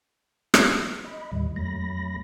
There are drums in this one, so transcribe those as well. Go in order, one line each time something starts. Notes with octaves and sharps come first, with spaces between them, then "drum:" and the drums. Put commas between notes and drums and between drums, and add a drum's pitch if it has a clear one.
drum: rim click
D#5 B5
D#2 A2 D#3 G3
F2 F#3 A3 B5 A#6